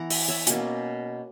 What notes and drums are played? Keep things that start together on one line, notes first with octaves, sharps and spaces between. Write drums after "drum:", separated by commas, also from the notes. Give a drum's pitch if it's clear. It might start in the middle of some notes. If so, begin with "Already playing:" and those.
Already playing: E3 B3 F#5 A#5
E5 G#5, drum: open hi-hat
C#5 E5
B2 A#3 C#4, drum: hi-hat